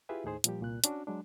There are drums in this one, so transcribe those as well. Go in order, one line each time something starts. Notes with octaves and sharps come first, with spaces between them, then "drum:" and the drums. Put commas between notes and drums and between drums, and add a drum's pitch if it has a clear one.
E4 F4 G4 G#4 B4 E5
D#2 A2 D#4 G#4 C5
A#2 F3 G3 G4, drum: hi-hat
C2 A#2 F#6
C#4 D4 F#4, drum: hi-hat
F#3 G#3 D4